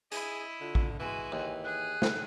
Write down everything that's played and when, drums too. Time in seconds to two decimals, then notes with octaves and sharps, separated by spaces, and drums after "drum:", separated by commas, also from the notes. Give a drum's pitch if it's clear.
0.12 E4 G#4 D#5, drum: hi-hat
0.61 D3 F4
0.75 drum: kick A1
0.99 E3 G#3 F#4 G#5
1.32 D#2
1.64 G#4 F#6
2.02 drum: snare